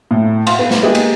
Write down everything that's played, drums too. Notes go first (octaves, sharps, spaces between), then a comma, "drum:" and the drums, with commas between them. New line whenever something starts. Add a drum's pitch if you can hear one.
A2
F5 F#5 C6, drum: cymbal
B3
drum: snare
G#3 A#3 G4 G#4
drum: cymbal